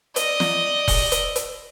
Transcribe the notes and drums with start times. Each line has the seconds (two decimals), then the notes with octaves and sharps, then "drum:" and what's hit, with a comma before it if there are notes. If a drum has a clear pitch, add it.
0.16 D5 D#5, drum: hi-hat
0.40 drum: snare
0.88 drum: kick E1, open hi-hat
1.12 drum: hi-hat
1.36 drum: hi-hat